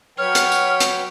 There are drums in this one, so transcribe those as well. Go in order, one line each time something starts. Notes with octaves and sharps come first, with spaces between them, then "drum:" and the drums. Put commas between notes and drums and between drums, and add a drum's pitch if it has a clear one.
F#3 B4 C#5 G5 F6
drum: hi-hat
drum: tambourine
drum: hi-hat